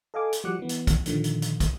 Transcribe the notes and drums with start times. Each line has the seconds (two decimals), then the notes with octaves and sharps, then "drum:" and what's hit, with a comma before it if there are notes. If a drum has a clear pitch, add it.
0.14 A4 D#5 F5 G#5 D6
0.33 drum: hi-hat
0.44 F3 G3 F#4 D6 F#6 C#7
0.59 E3 B3
0.69 drum: hi-hat
0.87 drum: kick, hi-hat
1.06 A#2 D3 D#3 F3, drum: hi-hat
1.24 drum: hi-hat
1.42 drum: hi-hat
1.60 drum: kick, hi-hat